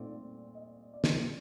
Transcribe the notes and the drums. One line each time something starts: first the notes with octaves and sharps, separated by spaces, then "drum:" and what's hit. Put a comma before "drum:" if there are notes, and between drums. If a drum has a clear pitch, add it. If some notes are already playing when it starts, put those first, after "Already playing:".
Already playing: A#2 A3 C4 D#4 D5
D#5
D5
drum: snare